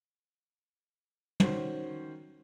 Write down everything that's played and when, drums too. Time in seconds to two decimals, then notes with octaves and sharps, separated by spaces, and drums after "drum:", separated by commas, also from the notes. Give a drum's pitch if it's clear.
1.40 D#3 C#4 F#4 C5, drum: tom